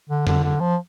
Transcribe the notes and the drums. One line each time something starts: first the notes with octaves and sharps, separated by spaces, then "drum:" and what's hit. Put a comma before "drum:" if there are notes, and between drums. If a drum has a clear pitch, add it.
D3
D3, drum: tom F2
D3
F3